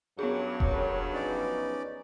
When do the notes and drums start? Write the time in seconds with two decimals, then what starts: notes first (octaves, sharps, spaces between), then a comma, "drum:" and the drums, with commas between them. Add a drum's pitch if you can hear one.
0.19 G2 F#3 B3 C#4 G#4 A#4 C#5
0.60 drum: kick E1
1.14 F#2 F3 C#4 D#4 B4 D5